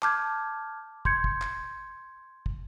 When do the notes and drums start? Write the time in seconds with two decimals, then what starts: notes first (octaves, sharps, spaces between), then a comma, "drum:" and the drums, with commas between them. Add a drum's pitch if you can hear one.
0.02 A5 D6 F6 G6 G#6, drum: clap
1.05 C6 G6 G#6 C#7, drum: kick
1.24 drum: kick
1.41 drum: clap
2.46 drum: kick